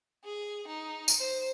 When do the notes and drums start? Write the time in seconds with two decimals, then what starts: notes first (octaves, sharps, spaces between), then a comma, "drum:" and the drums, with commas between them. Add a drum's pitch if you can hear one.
0.24 G#4
0.68 D#4
1.08 drum: tambourine
1.19 C5